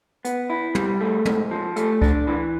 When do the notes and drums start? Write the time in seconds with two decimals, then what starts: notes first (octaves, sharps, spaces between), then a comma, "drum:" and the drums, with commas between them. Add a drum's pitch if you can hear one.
0.25 B3, drum: hi-hat
0.50 E4
0.75 G3, drum: tom
1.01 A3
1.25 G#2, drum: tom
1.51 F3
1.76 A3, drum: hi-hat
2.02 D4, drum: kick C#2
2.27 E3